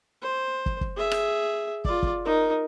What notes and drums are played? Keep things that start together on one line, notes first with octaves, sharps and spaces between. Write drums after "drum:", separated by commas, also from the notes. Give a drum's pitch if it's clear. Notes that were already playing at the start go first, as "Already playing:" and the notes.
C5
drum: kick
drum: kick
G#4 E5
drum: rim click
F4 D5, drum: kick
drum: kick
D#4 A#4